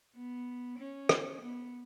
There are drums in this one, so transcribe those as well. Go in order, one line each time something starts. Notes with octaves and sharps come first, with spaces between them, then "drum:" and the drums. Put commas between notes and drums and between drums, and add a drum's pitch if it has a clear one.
B3
C#4
drum: rim click
B3